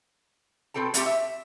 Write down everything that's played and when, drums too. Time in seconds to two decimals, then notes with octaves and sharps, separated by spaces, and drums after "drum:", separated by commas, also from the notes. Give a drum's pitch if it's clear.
0.74 B2 C4 A4 G5 A5
0.94 G3 A3 C4 G4, drum: hi-hat
1.06 E5